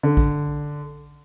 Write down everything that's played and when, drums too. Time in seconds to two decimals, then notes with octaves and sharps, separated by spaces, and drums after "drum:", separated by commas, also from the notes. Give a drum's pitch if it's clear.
0.03 D3
0.17 drum: kick A#1